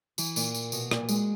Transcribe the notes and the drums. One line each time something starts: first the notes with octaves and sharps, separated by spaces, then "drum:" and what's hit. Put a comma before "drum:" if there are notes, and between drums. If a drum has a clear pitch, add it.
E3, drum: tambourine
A#2, drum: tambourine
drum: tambourine
B2, drum: tambourine
A#2, drum: rim click
G#3, drum: tambourine